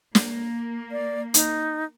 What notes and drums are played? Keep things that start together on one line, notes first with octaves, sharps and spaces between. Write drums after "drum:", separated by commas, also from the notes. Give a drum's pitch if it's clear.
A#3, drum: snare
D5
D#4, drum: hi-hat